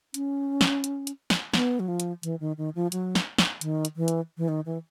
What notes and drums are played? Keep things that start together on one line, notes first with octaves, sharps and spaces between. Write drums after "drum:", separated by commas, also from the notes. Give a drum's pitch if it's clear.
C#4, drum: hi-hat
drum: snare
drum: hi-hat
drum: hi-hat
drum: snare
B3, drum: snare
F#3
F3
drum: hi-hat
E3, drum: hi-hat
D#3
D#3
F3
F#3, drum: hi-hat
drum: snare
drum: snare
D#3, drum: hi-hat
drum: hi-hat
E3
drum: hi-hat
E3
D#3
E3